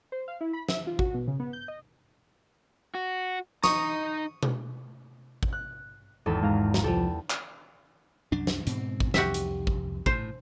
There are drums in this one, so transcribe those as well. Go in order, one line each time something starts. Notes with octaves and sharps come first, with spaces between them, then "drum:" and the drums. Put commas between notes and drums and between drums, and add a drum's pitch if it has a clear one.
C5
F5
E4
B5
E5, drum: snare
F4
F#4, drum: kick A1
B2
C#3
B3
G6
D#5
F#4
D#4 A#5 C#6 D#6, drum: snare
drum: tom B2
drum: kick A1
F#6
G#1 E2 A4
G#2 F5 A#5
drum: snare
C2 F3 G4 A4
drum: clap
C2 F#2 D4
drum: snare
G#2 B2 C4, drum: hi-hat
drum: kick A1
C2 F2 F#4 G4 E5, drum: snare
drum: hi-hat
drum: kick A1
A2 C5, drum: kick A1